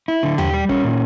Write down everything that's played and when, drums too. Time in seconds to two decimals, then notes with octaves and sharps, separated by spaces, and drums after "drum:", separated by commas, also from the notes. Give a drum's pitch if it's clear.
0.08 E4
0.23 D3
0.38 G4, drum: tom D#2
0.54 G3
0.69 C#4, drum: kick
0.84 A#2